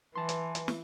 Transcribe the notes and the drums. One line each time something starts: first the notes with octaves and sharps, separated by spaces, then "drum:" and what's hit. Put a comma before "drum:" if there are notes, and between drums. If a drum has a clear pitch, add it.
E3 B4 G#5 A5 C6
drum: hi-hat
drum: hi-hat
drum: snare